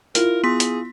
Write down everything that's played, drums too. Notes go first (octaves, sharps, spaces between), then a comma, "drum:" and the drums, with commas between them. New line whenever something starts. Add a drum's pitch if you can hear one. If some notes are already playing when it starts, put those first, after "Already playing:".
E4 F4 A#4, drum: hi-hat
B3 G#4 C6 B6
drum: hi-hat